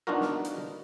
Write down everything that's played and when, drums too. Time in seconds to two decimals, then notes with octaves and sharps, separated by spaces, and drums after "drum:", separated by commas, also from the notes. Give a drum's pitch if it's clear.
0.07 B3 D4 D#4 F4 F#4 A#4
0.21 drum: snare
0.45 drum: hi-hat